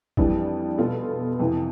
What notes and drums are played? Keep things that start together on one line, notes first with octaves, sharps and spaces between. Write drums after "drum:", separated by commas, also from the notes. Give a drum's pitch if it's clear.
F2 E3 G3 D4, drum: kick
B2 B3 F4 A4
F2 C3 E3